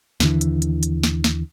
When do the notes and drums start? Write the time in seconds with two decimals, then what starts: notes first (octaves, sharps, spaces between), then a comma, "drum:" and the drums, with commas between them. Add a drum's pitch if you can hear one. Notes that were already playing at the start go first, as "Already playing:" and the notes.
0.20 D#2 D3 E3, drum: snare
0.41 drum: hi-hat
0.62 drum: hi-hat
0.83 drum: hi-hat
1.03 drum: snare
1.24 drum: snare